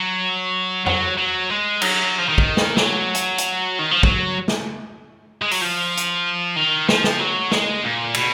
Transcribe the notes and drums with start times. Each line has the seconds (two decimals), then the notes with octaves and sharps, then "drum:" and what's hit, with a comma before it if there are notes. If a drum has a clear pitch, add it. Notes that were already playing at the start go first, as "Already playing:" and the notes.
Already playing: F#3
0.86 F#3, drum: tom F2
1.18 F#3
1.50 G#3
1.82 F#3, drum: cymbal
2.19 F3
2.29 D#3
2.38 drum: kick
2.57 drum: snare
2.77 F#3, drum: snare
3.15 drum: hi-hat
3.38 drum: hi-hat
3.79 D#3
3.91 F3
4.03 F#3, drum: kick
4.48 drum: snare
5.42 G#3
5.51 F#3, drum: open hi-hat
5.61 F3
5.97 drum: hi-hat
6.56 D#3
6.89 F3, drum: snare
7.04 drum: snare
7.20 F#3
7.51 G#3, drum: snare
7.83 A#2
8.14 B2, drum: cymbal